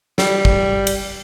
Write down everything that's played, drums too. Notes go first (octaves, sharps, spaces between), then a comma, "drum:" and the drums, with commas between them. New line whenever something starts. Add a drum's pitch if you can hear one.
G3, drum: snare
drum: kick
drum: cymbal